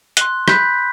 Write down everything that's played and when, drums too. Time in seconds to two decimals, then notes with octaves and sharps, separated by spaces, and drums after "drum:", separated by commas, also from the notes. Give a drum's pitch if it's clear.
0.17 C6 F#6, drum: hi-hat
0.48 B5 F#6 G6 B6, drum: rim click